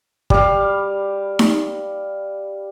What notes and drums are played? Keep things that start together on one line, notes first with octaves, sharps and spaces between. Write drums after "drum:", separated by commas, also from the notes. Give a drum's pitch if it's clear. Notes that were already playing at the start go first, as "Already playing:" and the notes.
G3 F5, drum: kick
drum: snare D#4